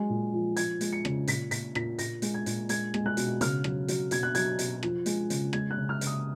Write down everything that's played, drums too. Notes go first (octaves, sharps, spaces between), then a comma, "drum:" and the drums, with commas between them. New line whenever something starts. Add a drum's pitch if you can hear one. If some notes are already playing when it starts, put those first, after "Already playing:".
Already playing: F#3 G#3
A#2
F3
F3 G#6, drum: hi-hat
G#3, drum: hi-hat
C#7
C#3, drum: rim click
A#2 B6, drum: hi-hat
A#2 B6, drum: hi-hat
A#2 B6, drum: rim click
A#2 A#6, drum: hi-hat
G#3, drum: hi-hat
G#6
A#2, drum: hi-hat
G#3 G#6, drum: hi-hat
G#3, drum: rim click
F#6
B2, drum: hi-hat
C#3 F6, drum: hi-hat
F#3, drum: rim click
F#3, drum: hi-hat
B2 G#6, drum: hi-hat
F#6
F#3 G#6, drum: hi-hat
B2, drum: hi-hat
F3, drum: rim click
G#3, drum: hi-hat
C#3, drum: hi-hat
G#3 G#6, drum: rim click
F#6
C#3
F6
C#3, drum: hi-hat
D#6